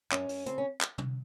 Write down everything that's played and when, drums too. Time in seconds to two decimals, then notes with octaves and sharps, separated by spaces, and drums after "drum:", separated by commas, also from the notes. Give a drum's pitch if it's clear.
0.12 F#2 C#4, drum: clap
0.29 F#2, drum: open hi-hat
0.46 C#3 C4, drum: hi-hat
0.58 C#4
0.81 drum: clap
0.98 drum: tom